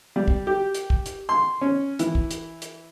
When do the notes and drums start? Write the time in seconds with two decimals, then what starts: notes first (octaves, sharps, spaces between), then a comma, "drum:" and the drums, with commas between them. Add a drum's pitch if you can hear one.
0.16 G3
0.28 drum: kick
0.47 G4
0.74 drum: hi-hat
0.90 drum: kick
1.06 drum: hi-hat
1.29 C6
1.61 C#4
1.99 E3, drum: hi-hat
2.15 drum: kick
2.31 drum: hi-hat
2.62 drum: hi-hat